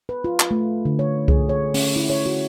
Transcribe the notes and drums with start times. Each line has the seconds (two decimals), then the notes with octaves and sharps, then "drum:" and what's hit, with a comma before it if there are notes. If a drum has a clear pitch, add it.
0.09 B4
0.24 F4
0.40 drum: clap
0.51 A3
0.85 D3
0.99 C#5
1.28 G#4, drum: kick C2
1.49 C#5
1.74 C#4, drum: open hi-hat
1.96 E4
2.10 C#5
2.26 F#4